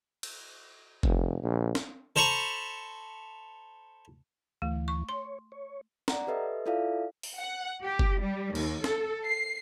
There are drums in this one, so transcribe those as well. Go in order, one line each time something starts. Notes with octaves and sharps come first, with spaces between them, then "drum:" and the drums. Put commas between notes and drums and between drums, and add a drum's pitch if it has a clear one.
drum: cymbal
F1, drum: kick
A#1
drum: snare
A4 C5 A#5 B5 C#6
D2 E3 A3
C#6
C#5 C6
C#5
D5 F#5 A#5, drum: snare
G4 A4 B4 D#5 E5
E4 F4 A4 D5 E5 F5
drum: open hi-hat
F#5
G4
drum: kick
G3
D#2, drum: cymbal
A4, drum: snare
C7